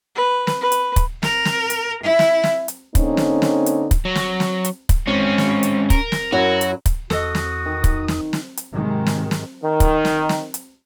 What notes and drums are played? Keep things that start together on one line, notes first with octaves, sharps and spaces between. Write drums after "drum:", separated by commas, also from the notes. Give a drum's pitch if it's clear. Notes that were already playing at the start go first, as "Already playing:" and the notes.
B4
drum: snare
B4
drum: hi-hat
drum: kick, hi-hat
A#4, drum: snare
drum: snare
drum: hi-hat
E4
drum: snare
drum: snare
drum: hi-hat
D3 A#3 C4 C#4 D#4, drum: kick, hi-hat
drum: snare
drum: snare
drum: hi-hat
drum: kick, hi-hat
F#3
drum: snare
drum: snare
drum: hi-hat
drum: kick, hi-hat
G#2 C4 C#4
drum: snare
drum: hi-hat
A#4, drum: kick, hi-hat
drum: snare
F#2 F#3 E4 F#4
drum: hi-hat
drum: kick, hi-hat
E2 F#4 A4 D#5 D#6, drum: snare
drum: snare
D#3
drum: kick, hi-hat
drum: snare
drum: snare
drum: hi-hat
G#2 C3 D#3 F#3 G#3
drum: snare
drum: snare
D#3
drum: kick, hi-hat
drum: snare
drum: snare
drum: hi-hat